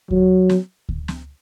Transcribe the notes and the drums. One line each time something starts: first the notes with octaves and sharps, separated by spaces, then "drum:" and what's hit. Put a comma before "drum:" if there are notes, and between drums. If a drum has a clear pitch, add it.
F#3, drum: kick D2
drum: snare
drum: kick D2
drum: snare